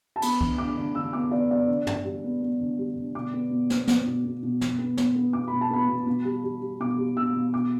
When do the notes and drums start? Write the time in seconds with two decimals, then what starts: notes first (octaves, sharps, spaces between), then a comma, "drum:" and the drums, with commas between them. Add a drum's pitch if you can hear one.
0.16 A5
0.22 B3 B5, drum: cymbal
0.41 D3, drum: kick C#2
0.58 D3 D6
0.77 D3
0.95 D3 E6
1.13 B3 D6
1.31 B3 D5
1.50 B3 D5
1.68 D3
1.87 D3, drum: tom
2.04 G3
2.24 B3
2.42 B3
2.60 D3
2.78 G3
2.96 D3
3.15 B2 D6
3.33 B3
3.51 B2
3.70 B3, drum: snare
3.87 B3, drum: snare
4.06 B2
4.25 B2
4.43 B2
4.61 B2, drum: snare
4.78 B3
4.97 B3, drum: snare
5.16 B3
5.33 B2 D6
5.48 B2 B5
5.61 A5
5.70 B3 B5
5.88 B2
6.06 B2
6.25 G3
6.43 G3
6.61 G3
6.80 B2 D6
6.98 G3
7.17 B2 E6
7.35 B2
7.54 B2 D6